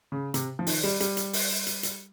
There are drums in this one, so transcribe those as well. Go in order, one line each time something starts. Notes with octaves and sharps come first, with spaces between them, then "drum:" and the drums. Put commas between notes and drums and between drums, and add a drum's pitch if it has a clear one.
C#3
C3, drum: hi-hat
F3
D#3, drum: open hi-hat
G3
G3, drum: hi-hat
drum: hi-hat
drum: open hi-hat
drum: hi-hat
drum: hi-hat